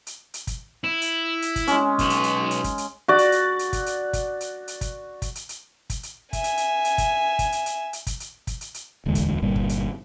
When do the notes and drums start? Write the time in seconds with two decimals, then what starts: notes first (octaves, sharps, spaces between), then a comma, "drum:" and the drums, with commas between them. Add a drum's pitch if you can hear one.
0.07 drum: hi-hat
0.34 drum: hi-hat
0.47 drum: kick, hi-hat
0.84 E4
1.02 drum: hi-hat
1.42 drum: hi-hat
1.56 drum: kick, hi-hat
1.67 G#3 C#4, drum: hi-hat
1.99 B1 B3, drum: kick, hi-hat
2.10 drum: hi-hat
2.24 drum: hi-hat
2.51 drum: hi-hat
2.64 drum: kick, hi-hat
2.78 drum: hi-hat
3.08 F#4 D5
3.18 drum: hi-hat
3.32 drum: hi-hat
3.59 drum: hi-hat
3.73 drum: kick, hi-hat
3.86 drum: hi-hat
4.13 drum: kick, hi-hat
4.40 drum: hi-hat
4.68 drum: hi-hat
4.81 drum: kick, hi-hat
5.22 drum: kick, hi-hat
5.35 drum: hi-hat
5.49 drum: hi-hat
5.90 drum: kick, hi-hat
6.03 drum: hi-hat
6.33 E5 G#5, drum: kick, hi-hat
6.44 drum: hi-hat
6.57 drum: hi-hat
6.85 drum: hi-hat
6.98 drum: kick, hi-hat
7.39 drum: kick, hi-hat
7.52 drum: hi-hat
7.66 drum: hi-hat
7.93 drum: hi-hat
8.07 drum: kick, hi-hat
8.20 drum: hi-hat
8.47 drum: kick, hi-hat
8.61 drum: hi-hat
8.74 drum: hi-hat
9.06 D1 E2 D3 G#3
9.15 drum: kick, hi-hat
9.42 G1 A#2 G3
9.56 drum: kick
9.69 drum: hi-hat